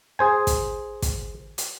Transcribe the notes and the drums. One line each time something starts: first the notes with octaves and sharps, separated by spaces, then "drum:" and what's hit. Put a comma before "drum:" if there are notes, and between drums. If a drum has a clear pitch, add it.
G#4 C5 G#5
drum: kick, hi-hat
drum: kick, hi-hat
drum: hi-hat